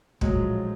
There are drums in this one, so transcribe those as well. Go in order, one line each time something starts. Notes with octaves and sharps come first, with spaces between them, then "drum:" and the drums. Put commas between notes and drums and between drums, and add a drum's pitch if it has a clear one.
A#1 A2 F3 F#3 G#3, drum: kick